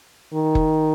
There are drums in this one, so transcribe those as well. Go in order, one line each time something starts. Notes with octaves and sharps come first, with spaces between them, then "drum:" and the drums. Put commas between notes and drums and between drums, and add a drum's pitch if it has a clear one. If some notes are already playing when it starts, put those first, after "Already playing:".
D#3
drum: kick